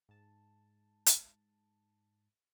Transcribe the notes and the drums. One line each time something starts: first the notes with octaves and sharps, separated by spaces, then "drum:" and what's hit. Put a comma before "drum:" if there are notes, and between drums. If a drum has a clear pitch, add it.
G#2 A5
drum: hi-hat